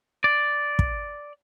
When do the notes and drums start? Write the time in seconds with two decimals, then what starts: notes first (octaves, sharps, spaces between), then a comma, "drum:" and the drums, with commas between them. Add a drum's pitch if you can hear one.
0.24 D5
0.79 drum: kick